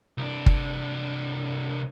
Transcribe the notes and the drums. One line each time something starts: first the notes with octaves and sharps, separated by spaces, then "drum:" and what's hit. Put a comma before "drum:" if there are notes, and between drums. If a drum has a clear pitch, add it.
C2 D4
drum: kick